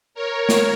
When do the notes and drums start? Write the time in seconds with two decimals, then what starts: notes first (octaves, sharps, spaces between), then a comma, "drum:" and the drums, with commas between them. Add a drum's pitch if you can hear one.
0.14 A#4 C#5
0.49 drum: snare